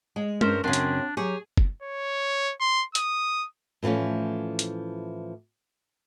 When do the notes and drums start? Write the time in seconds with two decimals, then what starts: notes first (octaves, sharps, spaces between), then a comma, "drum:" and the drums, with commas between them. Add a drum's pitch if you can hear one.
0.16 G#3
0.41 G2 C4 C#4 A#4 C5, drum: tom G#3
0.64 F#2 C#3 C4 D4 A#4 C6
0.73 drum: hi-hat
1.17 F#3 G4 G#4 C#5
1.57 drum: kick F#1
1.83 C#5
2.60 C6
2.95 D#6, drum: hi-hat
3.83 A2 E3 F3 A3 C#4
4.59 drum: hi-hat